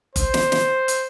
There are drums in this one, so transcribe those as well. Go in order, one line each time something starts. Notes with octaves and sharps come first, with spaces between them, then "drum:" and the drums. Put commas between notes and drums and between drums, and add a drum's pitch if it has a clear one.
C5, drum: kick F#1, hi-hat
drum: snare
drum: snare
drum: hi-hat